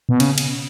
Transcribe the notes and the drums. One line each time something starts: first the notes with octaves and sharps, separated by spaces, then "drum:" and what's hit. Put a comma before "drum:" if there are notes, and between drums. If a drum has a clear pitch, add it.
B2
C#3, drum: cymbal
drum: cymbal